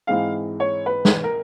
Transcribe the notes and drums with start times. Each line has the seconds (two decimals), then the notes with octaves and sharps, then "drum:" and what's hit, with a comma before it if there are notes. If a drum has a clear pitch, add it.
0.07 G#2 E3 G#3 C4 F5
0.60 C#5
0.86 B4
1.05 drum: snare
1.24 A#4